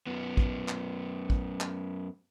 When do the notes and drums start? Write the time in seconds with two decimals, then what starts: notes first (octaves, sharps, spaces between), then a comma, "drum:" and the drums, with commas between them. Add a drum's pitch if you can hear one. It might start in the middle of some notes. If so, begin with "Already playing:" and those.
0.07 F#2 B3
0.37 drum: kick
0.68 drum: clap
1.30 drum: kick
1.61 drum: clap